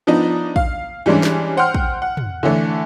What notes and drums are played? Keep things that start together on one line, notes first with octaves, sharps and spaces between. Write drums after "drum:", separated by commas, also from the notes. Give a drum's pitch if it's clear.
F3 B3 D4 D#4
F5, drum: kick
E3 G3 G#3 C#4 D4
drum: snare
C5 F#5 G5 C6 F6
drum: kick
F#5
drum: tom
D3 E3 A3